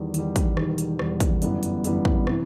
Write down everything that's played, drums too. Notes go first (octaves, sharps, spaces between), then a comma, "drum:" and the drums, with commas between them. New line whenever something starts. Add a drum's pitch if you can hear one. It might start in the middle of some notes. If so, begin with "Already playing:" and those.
Already playing: E2 D#3 G3
E2 D#3 G3, drum: hi-hat
drum: kick, hi-hat
E1 E2 D#3 G3, drum: rim click
drum: hi-hat
E1 E2 D#3 G3, drum: rim click
drum: kick, hi-hat
G1 F#2 E3 G3 B3, drum: hi-hat
drum: hi-hat
G1 F#2 E3 G3 B3, drum: hi-hat
drum: kick
C3 E3, drum: rim click